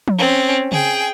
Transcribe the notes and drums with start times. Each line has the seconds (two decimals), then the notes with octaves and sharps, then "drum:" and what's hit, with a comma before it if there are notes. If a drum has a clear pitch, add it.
0.08 drum: tom F3
0.19 C4 C#4
0.72 G#4 G5, drum: tom C#3